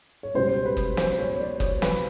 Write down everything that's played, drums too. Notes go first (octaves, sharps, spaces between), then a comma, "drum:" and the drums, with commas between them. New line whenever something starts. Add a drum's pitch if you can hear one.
C#5
C#2 B2 G3 C5
B4
drum: kick
C5, drum: snare
C#5
C#5
D5
C#5, drum: kick
B4, drum: snare